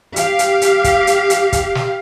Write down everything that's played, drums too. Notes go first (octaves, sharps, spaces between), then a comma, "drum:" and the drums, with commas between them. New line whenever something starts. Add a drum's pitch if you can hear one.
G4 F5, drum: hi-hat
drum: hi-hat
drum: hi-hat
drum: kick, hi-hat
drum: hi-hat
drum: hi-hat
drum: kick, hi-hat
drum: snare